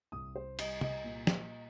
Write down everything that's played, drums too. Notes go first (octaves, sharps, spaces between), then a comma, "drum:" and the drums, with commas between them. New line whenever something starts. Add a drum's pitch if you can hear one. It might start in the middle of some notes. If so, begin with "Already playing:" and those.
C2 D#6
C5
G3 D#5, drum: cymbal
D#5, drum: tom
A#2
drum: snare